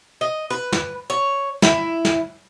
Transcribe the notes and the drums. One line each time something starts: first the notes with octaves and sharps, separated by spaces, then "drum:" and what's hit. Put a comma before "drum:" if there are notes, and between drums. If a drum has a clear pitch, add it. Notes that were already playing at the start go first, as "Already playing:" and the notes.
D#5
B4
drum: snare
C#5
E4, drum: snare
drum: snare